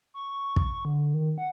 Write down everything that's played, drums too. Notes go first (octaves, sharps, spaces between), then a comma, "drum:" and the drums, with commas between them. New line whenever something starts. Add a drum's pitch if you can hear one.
C#6
drum: kick
D3
D#3
F#5